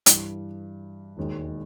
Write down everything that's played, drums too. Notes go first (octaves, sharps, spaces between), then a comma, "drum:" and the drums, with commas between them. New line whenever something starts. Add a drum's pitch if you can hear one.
G2 E3 G3, drum: hi-hat
E1 D#2 D#3 G#3